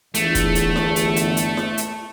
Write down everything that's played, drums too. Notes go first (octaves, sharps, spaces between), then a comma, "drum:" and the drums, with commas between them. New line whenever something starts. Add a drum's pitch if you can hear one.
G1 E2 A3, drum: hi-hat
drum: kick, hi-hat
drum: hi-hat
drum: snare E4
drum: hi-hat
drum: hi-hat
drum: hi-hat
drum: snare E4
drum: hi-hat